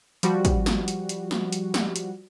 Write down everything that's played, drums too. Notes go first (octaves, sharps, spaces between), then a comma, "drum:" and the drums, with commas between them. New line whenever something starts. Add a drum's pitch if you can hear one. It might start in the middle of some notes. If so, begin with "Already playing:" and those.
F3 G3 F#4, drum: hi-hat
drum: kick, hi-hat
drum: snare
drum: hi-hat
drum: hi-hat
drum: snare
drum: hi-hat
drum: snare
drum: hi-hat